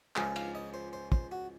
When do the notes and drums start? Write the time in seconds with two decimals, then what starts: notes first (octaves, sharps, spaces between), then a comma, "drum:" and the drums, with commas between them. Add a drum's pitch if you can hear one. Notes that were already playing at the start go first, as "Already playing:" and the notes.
0.16 C#2 C#3 F3 G#3 F5, drum: clap
0.36 F5, drum: cymbal
0.55 D#5
0.74 C5
0.93 C5
1.12 C5, drum: kick
1.32 F#4